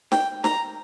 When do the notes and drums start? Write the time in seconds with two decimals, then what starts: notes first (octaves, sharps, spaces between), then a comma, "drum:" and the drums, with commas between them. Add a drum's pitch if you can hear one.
0.12 G5, drum: snare
0.44 A#5, drum: snare